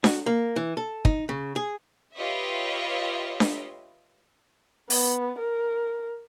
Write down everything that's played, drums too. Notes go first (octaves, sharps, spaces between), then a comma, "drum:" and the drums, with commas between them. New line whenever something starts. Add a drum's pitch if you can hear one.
F#4, drum: snare D4
A#3
E3
A4
D#4, drum: kick
C#3
G#4
F4 G4 B4 C#5 D#5 E5
drum: snare D4
B3, drum: open hi-hat
A#4